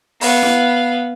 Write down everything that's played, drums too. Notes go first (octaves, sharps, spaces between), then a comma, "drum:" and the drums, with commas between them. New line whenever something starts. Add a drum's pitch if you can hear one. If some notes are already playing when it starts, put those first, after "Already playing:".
B3 F5, drum: open hi-hat
drum: snare E4